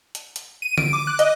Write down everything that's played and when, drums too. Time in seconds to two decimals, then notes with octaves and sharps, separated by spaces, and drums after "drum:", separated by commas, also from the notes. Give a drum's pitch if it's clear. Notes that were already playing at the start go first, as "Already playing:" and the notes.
0.15 drum: hi-hat
0.36 drum: hi-hat
0.62 D#7
0.78 D7, drum: tom D3
0.93 D6
1.07 F#6
1.19 D#5, drum: hi-hat